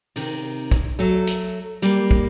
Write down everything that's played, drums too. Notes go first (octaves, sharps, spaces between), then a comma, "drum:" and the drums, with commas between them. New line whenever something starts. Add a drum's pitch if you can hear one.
C3 D#3, drum: open hi-hat
drum: kick, hi-hat
F#3 A3
drum: hi-hat
G3 A#3, drum: hi-hat
drum: kick